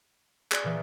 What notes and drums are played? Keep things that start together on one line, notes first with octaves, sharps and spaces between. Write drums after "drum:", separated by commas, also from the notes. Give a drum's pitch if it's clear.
G#4 D5, drum: clap
A#2 E3